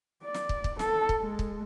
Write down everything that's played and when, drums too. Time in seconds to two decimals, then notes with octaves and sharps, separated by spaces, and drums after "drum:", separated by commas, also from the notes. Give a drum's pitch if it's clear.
0.24 D5
0.34 drum: snare
0.49 drum: kick
0.64 drum: kick
0.79 A4, drum: snare
1.09 drum: kick
1.20 G#3
1.39 drum: kick